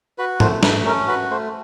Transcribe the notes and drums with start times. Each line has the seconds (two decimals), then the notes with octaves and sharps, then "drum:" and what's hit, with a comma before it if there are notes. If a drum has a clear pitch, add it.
0.18 F#4 B4
0.40 A3 C5, drum: tom G#2
0.63 A3 B4, drum: snare
0.85 C#4 A#4
1.08 F#4 B4
1.31 A3 C5